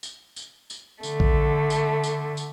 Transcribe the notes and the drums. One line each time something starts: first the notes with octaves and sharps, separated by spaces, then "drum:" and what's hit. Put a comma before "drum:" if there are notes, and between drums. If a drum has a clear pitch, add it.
drum: tambourine
drum: tambourine
drum: tambourine
D3 A3, drum: tambourine
drum: kick A#1
drum: tambourine
drum: tambourine
drum: tambourine